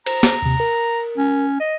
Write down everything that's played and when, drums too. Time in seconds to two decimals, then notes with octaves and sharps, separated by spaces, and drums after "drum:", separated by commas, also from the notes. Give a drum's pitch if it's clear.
0.06 C5 A#5, drum: cymbal
0.23 drum: snare
0.42 D#2 C3
0.60 A#4
1.18 C#4
1.60 D#5